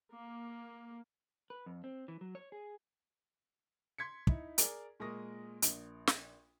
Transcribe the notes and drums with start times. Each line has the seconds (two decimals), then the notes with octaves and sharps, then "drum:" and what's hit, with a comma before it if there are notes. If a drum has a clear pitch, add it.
0.13 A#3
1.50 B4
1.66 F2
1.84 C4
2.08 E3
2.21 F#3
2.35 C#5
2.52 G#4
3.98 C6 G#6 B6 C#7
4.27 D#4 E4, drum: kick
4.58 G#4 A#4 D5, drum: hi-hat
5.00 A#2 G#3 A#4 C#6 D#6 A#6
5.62 A#1, drum: hi-hat
6.07 drum: snare